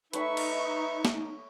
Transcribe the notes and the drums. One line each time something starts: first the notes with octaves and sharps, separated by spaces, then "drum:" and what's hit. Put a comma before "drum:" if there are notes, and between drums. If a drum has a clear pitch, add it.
A3 D#4 B4 C#5 E5 B5 C#6, drum: hi-hat
drum: cymbal
drum: snare